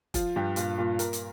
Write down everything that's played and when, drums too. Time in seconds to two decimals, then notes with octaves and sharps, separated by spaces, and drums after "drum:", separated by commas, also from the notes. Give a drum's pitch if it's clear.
0.14 F3 F4, drum: kick, hi-hat
0.36 G2 G4
0.56 A#2 F4, drum: hi-hat
0.78 A#2 F4
0.99 A#2 A#4, drum: hi-hat
1.13 drum: hi-hat